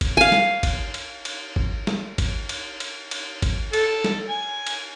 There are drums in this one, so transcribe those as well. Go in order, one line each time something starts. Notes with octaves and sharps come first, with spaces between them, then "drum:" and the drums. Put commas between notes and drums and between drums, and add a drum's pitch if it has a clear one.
drum: kick G#1, cymbal
F5 G#5
drum: snare
drum: kick G#1, cymbal
drum: cymbal
drum: cymbal
drum: kick G#1
drum: snare
drum: kick G#1, cymbal
drum: cymbal
drum: cymbal
drum: cymbal
drum: kick G#1, cymbal
A4, drum: cymbal
drum: snare
G#5
drum: cymbal